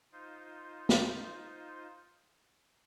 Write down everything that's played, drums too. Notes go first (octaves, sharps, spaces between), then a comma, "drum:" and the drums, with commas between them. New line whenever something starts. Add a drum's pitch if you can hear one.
D#4 F4 C5
drum: snare